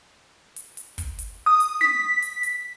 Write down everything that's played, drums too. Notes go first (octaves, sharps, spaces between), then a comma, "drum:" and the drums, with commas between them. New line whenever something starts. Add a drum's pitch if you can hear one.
drum: hi-hat
drum: hi-hat
drum: kick, hi-hat
drum: hi-hat
D#6
drum: hi-hat
B6, drum: snare
drum: hi-hat
drum: hi-hat